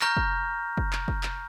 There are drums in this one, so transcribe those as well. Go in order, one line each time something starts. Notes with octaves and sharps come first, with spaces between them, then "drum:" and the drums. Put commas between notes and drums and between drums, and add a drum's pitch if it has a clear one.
A#5 C#6 F6 G6 A#6, drum: clap
drum: kick
drum: kick
drum: clap
drum: kick
drum: clap